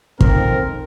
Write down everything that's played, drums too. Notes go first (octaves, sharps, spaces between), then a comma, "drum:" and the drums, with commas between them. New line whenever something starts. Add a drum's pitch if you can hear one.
F2 D#3 C4 A#4, drum: kick